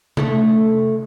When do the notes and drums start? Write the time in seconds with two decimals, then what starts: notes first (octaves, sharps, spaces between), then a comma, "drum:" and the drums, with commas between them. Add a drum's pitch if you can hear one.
0.17 A3 E4 A4, drum: tom C3